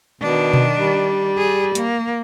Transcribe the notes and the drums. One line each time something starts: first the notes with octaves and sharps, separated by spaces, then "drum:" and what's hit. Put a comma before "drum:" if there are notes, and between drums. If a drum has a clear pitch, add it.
B2 D#3 D4
drum: tom B2
G3
G#4
A#3, drum: hi-hat